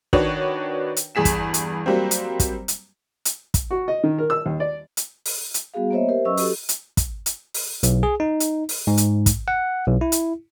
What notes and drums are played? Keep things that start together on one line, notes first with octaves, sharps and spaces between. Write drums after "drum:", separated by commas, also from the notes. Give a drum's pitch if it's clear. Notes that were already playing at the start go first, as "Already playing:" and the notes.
D#3 D4 F#4 B4 C#5, drum: kick
drum: hi-hat
E2 G2 G#4 B6 E7
drum: kick, hi-hat
drum: hi-hat
F#3 G3 A#3 C4
drum: hi-hat
drum: kick, hi-hat
drum: hi-hat
drum: hi-hat
drum: kick, hi-hat
F#4
D#5
D#3
A#4
E6
D#2
D5
drum: hi-hat
drum: open hi-hat
drum: hi-hat
G3 B3 F#4 G#4 F5
A#3 B3 C5 C#5 D#5 E5
G4 A#4 C5 E5
F#3 C#4 B4 D#5 C#6 E6
F#4 G4 A4, drum: open hi-hat
drum: hi-hat
drum: kick, hi-hat
drum: hi-hat
drum: open hi-hat
B1, drum: hi-hat
G#4
D#4
drum: hi-hat
drum: open hi-hat
G#2
drum: hi-hat
drum: kick, hi-hat
F#5
B1
E4
drum: hi-hat